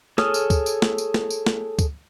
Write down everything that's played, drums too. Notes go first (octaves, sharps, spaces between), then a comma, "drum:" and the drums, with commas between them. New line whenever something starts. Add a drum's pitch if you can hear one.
G#4 A4 C#5 D#6 F6, drum: snare
drum: tambourine
drum: kick, tambourine
drum: tambourine
drum: snare
drum: tambourine
drum: snare
drum: tambourine
drum: snare
drum: kick, tambourine